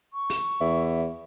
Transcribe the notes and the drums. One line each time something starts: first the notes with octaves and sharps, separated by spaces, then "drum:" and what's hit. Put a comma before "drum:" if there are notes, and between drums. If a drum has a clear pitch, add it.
C#6
drum: open hi-hat
E2 E5